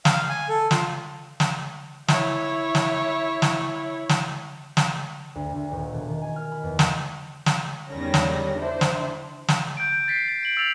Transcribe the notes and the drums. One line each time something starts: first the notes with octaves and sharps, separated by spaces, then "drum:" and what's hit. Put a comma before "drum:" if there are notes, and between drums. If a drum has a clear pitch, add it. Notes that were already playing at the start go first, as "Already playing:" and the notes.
F5, drum: snare
G#5
A4
F4, drum: snare
drum: snare
E4 C#5, drum: snare
drum: snare
drum: snare
drum: snare
drum: snare
D2
D2
D#1
E1
D#3
G#5
F6
B5
E2
drum: snare
drum: snare
E2 D#3 G3 C#4 A#6
drum: snare
D4 E4 C5
drum: snare
drum: snare
G6 D7
G6
A6 B6 C7
A6
D7 F#7
E6 A6 F7 F#7